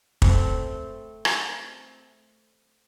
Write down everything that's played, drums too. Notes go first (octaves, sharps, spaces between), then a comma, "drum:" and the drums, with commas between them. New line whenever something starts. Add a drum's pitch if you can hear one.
A3 C4, drum: kick
drum: rim click